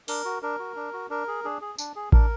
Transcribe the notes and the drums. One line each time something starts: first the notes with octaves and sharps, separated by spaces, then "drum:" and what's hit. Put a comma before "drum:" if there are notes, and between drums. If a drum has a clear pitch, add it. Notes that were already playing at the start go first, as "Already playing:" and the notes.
D4 A#4, drum: open hi-hat
F#4
D4 A#4
F#4
D4
F#4
D4 A#4
G#4
D4 G#4
G#4
D4, drum: tambourine
G#4
D4 A#4, drum: kick A1